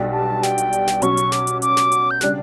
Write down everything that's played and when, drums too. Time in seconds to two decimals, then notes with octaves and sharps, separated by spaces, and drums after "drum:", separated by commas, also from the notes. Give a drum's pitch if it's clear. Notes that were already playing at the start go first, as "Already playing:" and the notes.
Already playing: B1 B2 G3 D4 G4
0.13 A5
0.43 G5, drum: snare
0.58 drum: hi-hat
0.73 drum: hi-hat
0.87 drum: snare
1.02 B2 F#3 C#4 C#6, drum: hi-hat
1.17 drum: hi-hat
1.32 D6, drum: snare
1.47 drum: hi-hat
1.62 D6, drum: hi-hat
1.77 drum: snare
1.92 drum: hi-hat
2.11 G6
2.21 C#3 G3 D4 F#6, drum: snare